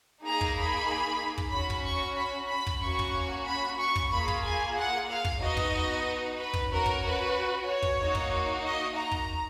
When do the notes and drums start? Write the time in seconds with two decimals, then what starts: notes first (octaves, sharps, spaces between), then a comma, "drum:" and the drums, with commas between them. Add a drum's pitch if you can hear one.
0.24 A#3 D#4 G#4 A#5
0.41 drum: kick
0.57 B5
1.38 drum: kick
1.53 C#4 F#4 B5
1.70 drum: kick
1.86 C#6
2.18 B5
2.50 B5
2.67 drum: kick
2.82 A#3 C#4 F#4 C#6
2.99 drum: kick
3.47 B5
3.79 C#6
3.96 drum: kick
4.12 A#3 F4 G#4 B5
4.28 drum: kick
4.44 G#5
4.76 F#5
5.08 F5
5.25 drum: kick
5.41 B3 D#4 F#4 D#5
5.57 drum: kick
6.37 B4
6.53 drum: kick
6.69 C#4 F#4 A#4
6.86 drum: kick
7.02 B4
7.66 C#5
7.82 drum: kick
7.98 A#3 D#4 F#4
8.15 drum: kick
8.64 D#5
8.95 A#5
9.11 drum: kick